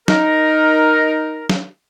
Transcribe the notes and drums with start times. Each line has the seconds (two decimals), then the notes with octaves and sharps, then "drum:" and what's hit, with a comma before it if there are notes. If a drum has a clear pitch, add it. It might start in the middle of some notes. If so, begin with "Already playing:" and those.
0.08 D#4 A#4, drum: snare
1.50 drum: snare